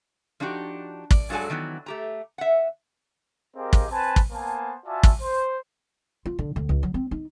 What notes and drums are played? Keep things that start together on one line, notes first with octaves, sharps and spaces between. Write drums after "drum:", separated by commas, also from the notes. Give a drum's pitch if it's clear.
F3 D4 D#4 F#4 G4
D5, drum: kick
G2 F#3 G#3 A4 D5 G#5
D#3 E3 F#3 B3
A3 G4 A#5
E5 F#5
C4 G4 G#4 A#4 D#5 F5
drum: kick
C4 B4 G#5 A5
drum: kick
A#3 B3 C5 G#5 A5
F4 F#4 D5 E5 G#5 A5
drum: kick
C5
F4
D3
D2
C#2
F#3
C4
D#4